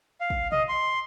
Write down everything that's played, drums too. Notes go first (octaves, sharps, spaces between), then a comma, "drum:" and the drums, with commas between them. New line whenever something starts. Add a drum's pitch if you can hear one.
F5
drum: kick
D#5, drum: tom
C6